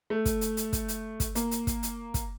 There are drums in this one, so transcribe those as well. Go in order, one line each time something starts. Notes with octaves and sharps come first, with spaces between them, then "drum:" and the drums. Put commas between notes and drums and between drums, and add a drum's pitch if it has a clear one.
A3
drum: kick, hi-hat
drum: hi-hat
drum: hi-hat
drum: kick, hi-hat
drum: hi-hat
drum: kick, hi-hat
A#3, drum: hi-hat
drum: hi-hat
drum: kick, hi-hat
drum: hi-hat
drum: kick, hi-hat